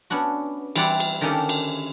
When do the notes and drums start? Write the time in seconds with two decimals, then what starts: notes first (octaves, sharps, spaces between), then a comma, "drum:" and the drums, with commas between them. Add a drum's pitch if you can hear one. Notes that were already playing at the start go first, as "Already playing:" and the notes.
0.10 B3 C#4 D4 F#4
0.76 E3 G3 C4 E4 D5 F#5, drum: cymbal
1.00 drum: cymbal
1.21 D3 D#3 A#3 C#4 G4 A4
1.49 drum: cymbal